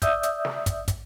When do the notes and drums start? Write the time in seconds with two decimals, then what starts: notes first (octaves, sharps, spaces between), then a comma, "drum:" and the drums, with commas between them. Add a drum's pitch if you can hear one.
0.02 D5 E5 D#6 E6 G6, drum: kick, hi-hat
0.23 drum: hi-hat
0.45 drum: snare
0.66 drum: kick, hi-hat
0.88 drum: kick, hi-hat